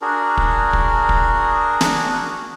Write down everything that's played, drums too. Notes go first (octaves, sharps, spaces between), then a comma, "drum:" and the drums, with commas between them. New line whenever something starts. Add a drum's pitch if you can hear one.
D4 F#4 G#4 A#4
drum: kick
drum: kick
drum: kick
drum: snare